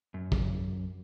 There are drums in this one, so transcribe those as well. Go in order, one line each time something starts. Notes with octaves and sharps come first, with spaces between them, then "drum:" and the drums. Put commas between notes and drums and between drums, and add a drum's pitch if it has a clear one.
F#2
drum: kick